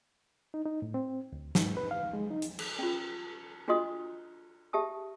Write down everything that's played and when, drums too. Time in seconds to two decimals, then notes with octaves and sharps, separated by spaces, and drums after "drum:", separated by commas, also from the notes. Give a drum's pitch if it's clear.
0.54 D#4
0.65 D#4
0.82 A2
0.94 C4
1.33 D2
1.55 G#2, drum: snare
1.77 B4
1.91 F5
2.13 G#3
2.31 D#4
2.42 drum: hi-hat
2.59 drum: cymbal
2.79 C#4 F4
3.68 D4 F4 F#4 D#5 C6 D#6
4.73 G4 E5 A5 D#6